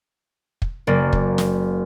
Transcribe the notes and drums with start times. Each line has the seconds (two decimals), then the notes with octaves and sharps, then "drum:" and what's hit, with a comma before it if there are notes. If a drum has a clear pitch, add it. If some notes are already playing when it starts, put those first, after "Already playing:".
0.62 drum: kick
0.87 F#1 A#3 D5
1.13 drum: kick
1.38 drum: snare